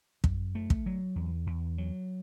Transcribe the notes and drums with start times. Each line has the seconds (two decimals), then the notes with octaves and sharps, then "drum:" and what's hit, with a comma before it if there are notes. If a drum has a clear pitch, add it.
0.24 F#2, drum: kick
0.55 A3
0.70 drum: kick
0.86 F#3
1.16 E2
1.47 E2
1.78 F#3